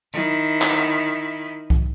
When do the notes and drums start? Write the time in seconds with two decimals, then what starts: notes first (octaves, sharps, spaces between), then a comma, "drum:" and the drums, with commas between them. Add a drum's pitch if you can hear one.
0.13 D#3 E4, drum: tambourine
0.62 drum: clap
1.70 drum: kick C2